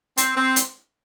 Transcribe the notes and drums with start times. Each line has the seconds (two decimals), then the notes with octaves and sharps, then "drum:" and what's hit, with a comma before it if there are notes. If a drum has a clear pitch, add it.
0.17 C4, drum: hi-hat
0.37 C4
0.56 drum: hi-hat